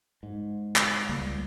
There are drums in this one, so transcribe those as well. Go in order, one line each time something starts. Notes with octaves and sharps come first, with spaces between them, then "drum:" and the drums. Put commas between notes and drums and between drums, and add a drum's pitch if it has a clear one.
G#2
drum: clap
C#2 G3 A#3